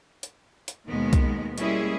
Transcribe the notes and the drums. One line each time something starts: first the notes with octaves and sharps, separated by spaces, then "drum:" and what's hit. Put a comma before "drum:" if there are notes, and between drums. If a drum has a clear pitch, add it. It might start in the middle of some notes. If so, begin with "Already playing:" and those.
drum: hi-hat
drum: hi-hat
D#2 B2 D#3 G#3 B3
drum: kick B1, hi-hat
G3 G#3 A#3 C#4 E4 G#4, drum: hi-hat